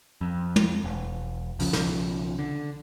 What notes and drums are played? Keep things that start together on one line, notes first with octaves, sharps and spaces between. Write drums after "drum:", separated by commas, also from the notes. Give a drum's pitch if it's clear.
F2
drum: tom
E1
B1 C#3 F3, drum: open hi-hat
drum: snare
D3